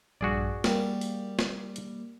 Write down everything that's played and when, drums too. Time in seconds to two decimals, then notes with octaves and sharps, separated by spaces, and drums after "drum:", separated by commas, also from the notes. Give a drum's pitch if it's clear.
0.21 A#1 G2 F#4 G#4 D5
0.64 G3 A#3, drum: snare
1.01 drum: open hi-hat
1.39 drum: snare
1.76 drum: hi-hat